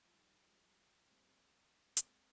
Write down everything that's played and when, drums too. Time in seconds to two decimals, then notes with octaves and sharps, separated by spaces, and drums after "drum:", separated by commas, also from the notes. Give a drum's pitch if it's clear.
0.05 F3
0.13 D#3 G3
0.45 F3 G#3
1.07 C4
1.11 G3 A#3
1.76 D4
1.87 C4
1.97 A#3, drum: hi-hat
2.06 G#3 C4